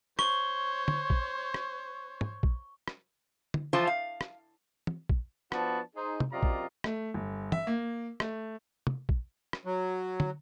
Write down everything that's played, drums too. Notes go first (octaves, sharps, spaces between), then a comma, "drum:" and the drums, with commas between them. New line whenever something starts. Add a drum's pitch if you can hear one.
C5 C#5 C#6 G7, drum: rim click
drum: tom
drum: kick A#1
drum: rim click
drum: tom
drum: kick A#1
drum: rim click
drum: tom
E3 F3 F4 C5 A5
F5
drum: rim click
drum: tom
drum: kick A#1
F3 B3 D4 F#4 A5, drum: rim click
D#4 G#4 C5
drum: tom
F#2 C3 F4 D5 D#5 A#5
drum: kick A#1
A3, drum: rim click
G1
E5, drum: tom
A#3
A3, drum: rim click
drum: tom
drum: kick A#1
drum: rim click
F#3
drum: tom